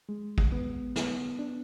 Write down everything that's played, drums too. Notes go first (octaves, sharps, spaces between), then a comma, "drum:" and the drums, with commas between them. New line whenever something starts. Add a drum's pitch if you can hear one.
G#3
drum: kick
B3
B3, drum: snare
D4